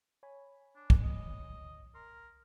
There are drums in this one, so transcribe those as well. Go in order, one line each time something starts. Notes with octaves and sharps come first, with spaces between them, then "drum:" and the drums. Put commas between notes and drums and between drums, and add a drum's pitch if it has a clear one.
C#5 G#5 B5
D4
drum: kick
D#5
D2
A#4 C6